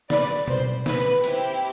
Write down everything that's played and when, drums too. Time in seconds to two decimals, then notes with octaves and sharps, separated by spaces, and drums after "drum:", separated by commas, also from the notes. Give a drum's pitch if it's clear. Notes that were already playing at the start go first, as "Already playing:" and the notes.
0.10 B4 D5, drum: snare
0.48 C5, drum: tom B2
0.86 B4, drum: snare
1.24 C4 E4 G4, drum: hi-hat